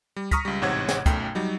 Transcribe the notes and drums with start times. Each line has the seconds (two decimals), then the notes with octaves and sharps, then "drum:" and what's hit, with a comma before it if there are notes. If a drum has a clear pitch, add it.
0.16 G3
0.31 A#5 C#6 D#6 F6 A#6 B6, drum: kick, hi-hat
0.45 C#2 G3
0.62 A1 G#2 C3 C#5 F#5 G#6
0.89 drum: snare
1.06 B1 F#2 A3 G5, drum: kick, hi-hat
1.35 F#3 G3 D#4